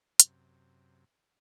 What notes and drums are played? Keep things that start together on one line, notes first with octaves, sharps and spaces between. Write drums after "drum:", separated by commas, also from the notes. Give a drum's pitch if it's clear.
F#2 C3, drum: hi-hat